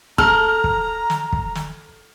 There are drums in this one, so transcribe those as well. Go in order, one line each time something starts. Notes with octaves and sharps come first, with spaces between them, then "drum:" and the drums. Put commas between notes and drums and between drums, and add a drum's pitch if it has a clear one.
A4 A#5 F6, drum: kick
drum: kick
drum: snare
drum: kick
drum: snare